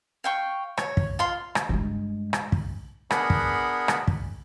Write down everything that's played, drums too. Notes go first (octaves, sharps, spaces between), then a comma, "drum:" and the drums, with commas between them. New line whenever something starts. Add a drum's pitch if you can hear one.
F5 G5 C#6
C#5, drum: rim click
drum: kick
F4 F5 C6
drum: rim click
G2 G#3
drum: rim click
drum: kick
B3 D4 G#4 A#4 F#5 B5, drum: rim click
drum: kick
drum: rim click
drum: kick